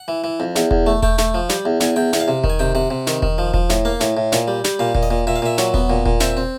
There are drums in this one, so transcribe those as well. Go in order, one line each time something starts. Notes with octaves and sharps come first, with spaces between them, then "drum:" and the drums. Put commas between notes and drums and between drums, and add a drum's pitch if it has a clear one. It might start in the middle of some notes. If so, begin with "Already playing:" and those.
Already playing: F#5
E3
E3
F2
E2, drum: snare
E2, drum: kick E1
A3
A3 G5, drum: kick E1
A3, drum: snare
F3
G3, drum: snare
E2
E2 G#5, drum: snare
E2 G5
E2 F#5, drum: snare
F5
C3
D#3, drum: kick E1
G#5
C3 G5
C3 F#5
C3
D#3, drum: snare
D#3, drum: kick E1
F3
F3, drum: kick E1
A2, drum: snare
A#3 F5
A2, drum: snare
A2
A#2, drum: snare
G3
G3, drum: snare
A#2 F5
A#2, drum: kick E1
D#5
A#2
A#2 E5
F5
A#2 E5
F#3, drum: snare
B3, drum: kick E1
A#2
A#2, drum: kick E1
C4 E5, drum: snare
C4